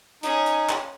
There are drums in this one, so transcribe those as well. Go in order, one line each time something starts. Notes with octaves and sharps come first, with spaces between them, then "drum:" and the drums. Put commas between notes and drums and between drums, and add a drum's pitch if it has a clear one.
C#4 D#4 G#4, drum: hi-hat
drum: hi-hat
drum: clap